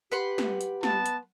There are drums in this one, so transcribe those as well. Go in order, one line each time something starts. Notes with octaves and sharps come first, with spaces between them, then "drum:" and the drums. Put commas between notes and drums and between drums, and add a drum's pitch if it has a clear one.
G4 B4 F#5 C6
drum: snare
drum: hi-hat
B3 A5, drum: snare
drum: hi-hat